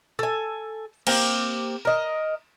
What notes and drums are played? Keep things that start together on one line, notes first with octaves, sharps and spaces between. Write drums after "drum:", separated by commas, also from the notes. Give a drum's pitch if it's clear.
A4 G#5
A#3 C4 G4, drum: cymbal
A#4 D#5